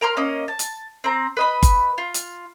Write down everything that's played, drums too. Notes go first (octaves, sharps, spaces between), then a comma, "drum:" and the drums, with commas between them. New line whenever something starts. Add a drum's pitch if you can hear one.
A#4 A#5 C6 F6
A#3 C#4 D#5
A5
drum: hi-hat
C4 A#5
B4 D#5 B5
drum: kick G1, hi-hat
F4
drum: hi-hat